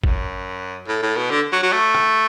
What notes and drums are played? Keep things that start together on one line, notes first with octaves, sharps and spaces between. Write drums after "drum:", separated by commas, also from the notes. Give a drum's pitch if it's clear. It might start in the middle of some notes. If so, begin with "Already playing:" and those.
F#2, drum: kick
A2
A2
B2
D3
F#3
F#3
A3
drum: rim click